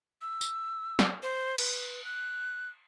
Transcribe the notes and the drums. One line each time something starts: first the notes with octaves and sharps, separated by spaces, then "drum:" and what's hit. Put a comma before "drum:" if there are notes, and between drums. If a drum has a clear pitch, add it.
E6
drum: tambourine
drum: snare
C5
B4, drum: cymbal
F#6